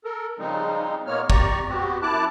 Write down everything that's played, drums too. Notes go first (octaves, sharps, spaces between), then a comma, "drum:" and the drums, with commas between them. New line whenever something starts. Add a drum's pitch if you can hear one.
A4 A#4
C#3 F3 G3 G#3 C4 D#4
A#2 G#3 A#3 B3 C#5 F6
G4 D5 A#5 C#6, drum: kick G#1
B3 C4 F#4 G4
F#2 E4 A5 D6 F#6